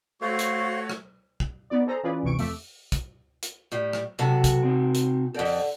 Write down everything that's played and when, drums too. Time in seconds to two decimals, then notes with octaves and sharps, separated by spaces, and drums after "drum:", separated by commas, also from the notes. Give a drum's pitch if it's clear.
0.22 A3 F#4 C5 C#5 F5 C#6
0.39 drum: hi-hat
0.90 drum: rim click
1.40 drum: kick
1.70 B3 D#4 D5
1.87 G#4 A4 C5 A#5
2.03 E3 C#4 F4 G#4 B4 D5
2.22 G1 D2 C3 E3 C#6 D7
2.39 F2 A3 E5 D6, drum: open hi-hat
2.92 drum: kick, hi-hat
3.43 drum: hi-hat
3.72 A2 G3
3.93 drum: rim click
4.19 B1 C3 F#4 A4 A5
4.44 drum: kick, hi-hat
4.63 C4 D#4
4.95 drum: hi-hat
5.34 F2 C4 A4 D5 F#5
5.45 drum: open hi-hat